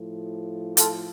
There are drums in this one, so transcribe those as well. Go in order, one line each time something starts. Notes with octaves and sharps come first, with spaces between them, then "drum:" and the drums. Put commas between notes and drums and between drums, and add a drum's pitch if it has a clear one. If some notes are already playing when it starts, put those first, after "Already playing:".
Already playing: A2 F3
F4 A4, drum: hi-hat